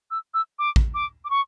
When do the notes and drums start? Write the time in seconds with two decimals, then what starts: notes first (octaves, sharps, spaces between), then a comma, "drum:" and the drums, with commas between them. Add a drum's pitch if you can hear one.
0.11 E6
0.34 E6
0.59 D6
0.76 drum: kick
0.94 D6
1.25 D6
1.30 C#6